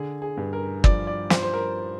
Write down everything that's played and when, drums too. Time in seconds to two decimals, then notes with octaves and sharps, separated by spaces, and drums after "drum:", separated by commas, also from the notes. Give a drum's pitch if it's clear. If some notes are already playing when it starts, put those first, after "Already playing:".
Already playing: D3 G#4
0.22 G#4
0.37 G2
0.53 A#4
0.84 F3 D5, drum: kick
1.07 D5
1.30 F3 C5, drum: snare
1.43 C5
1.54 A#4